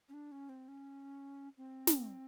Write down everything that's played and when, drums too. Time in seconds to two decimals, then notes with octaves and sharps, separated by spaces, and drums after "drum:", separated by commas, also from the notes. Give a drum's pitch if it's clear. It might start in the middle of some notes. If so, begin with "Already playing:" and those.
0.09 C#4
0.14 D4
0.32 C#4
0.49 C4
0.68 C#4
1.58 C4
1.87 drum: snare